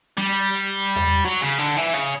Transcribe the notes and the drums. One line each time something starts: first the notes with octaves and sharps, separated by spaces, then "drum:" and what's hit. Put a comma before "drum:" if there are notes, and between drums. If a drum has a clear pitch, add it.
G3, drum: snare
drum: tom E2
F#3
C#3
D3
E3
C#3